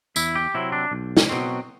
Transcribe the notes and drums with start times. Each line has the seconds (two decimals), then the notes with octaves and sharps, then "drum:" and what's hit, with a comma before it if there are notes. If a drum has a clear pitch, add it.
0.16 E2 E4, drum: tambourine
0.35 G4
0.54 C3 F#3 C4 E4
0.72 D4
0.91 B1
1.17 drum: snare
1.29 B2 F#3 C4